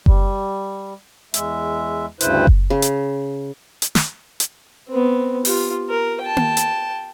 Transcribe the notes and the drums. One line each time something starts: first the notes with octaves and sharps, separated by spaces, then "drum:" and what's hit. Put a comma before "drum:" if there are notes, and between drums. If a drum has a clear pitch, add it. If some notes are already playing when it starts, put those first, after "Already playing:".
G3, drum: kick F#1
E2 G#3 E5, drum: hi-hat
D2 G2 C#3 E4 B4 C5, drum: hi-hat
drum: kick F#1
C#3
drum: hi-hat
drum: hi-hat
drum: snare
drum: hi-hat
B3 C4
F4 G4, drum: open hi-hat
A#4
G5 A5
drum: tom A#3
drum: hi-hat